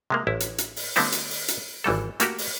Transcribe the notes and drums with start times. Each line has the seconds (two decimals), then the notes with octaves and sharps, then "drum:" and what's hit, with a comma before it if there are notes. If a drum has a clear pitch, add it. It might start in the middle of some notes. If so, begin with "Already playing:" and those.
0.10 C3 G#3 A#3
0.27 A1 E4
0.40 drum: hi-hat
0.58 drum: hi-hat
0.76 drum: open hi-hat
0.96 D3 G3 A3 B3 C4 E4, drum: open hi-hat
1.12 drum: hi-hat
1.30 drum: open hi-hat
1.48 drum: hi-hat
1.84 G#1 E3 G3 A4
2.20 A3 A#3 F#4 G4, drum: hi-hat
2.38 drum: open hi-hat